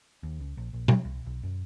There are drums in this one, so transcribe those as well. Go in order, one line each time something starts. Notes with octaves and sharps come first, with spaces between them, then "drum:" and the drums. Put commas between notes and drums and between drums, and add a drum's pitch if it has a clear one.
D#2
C#2
A#1
A#1
F#3, drum: tom B2
C2
B1
F#2